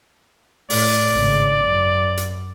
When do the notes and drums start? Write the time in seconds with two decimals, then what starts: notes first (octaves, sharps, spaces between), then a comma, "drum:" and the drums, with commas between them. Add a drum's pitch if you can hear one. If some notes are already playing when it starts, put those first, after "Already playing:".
0.70 A2 D5, drum: open hi-hat
1.11 G#1 C#3
1.65 F#2
2.17 drum: hi-hat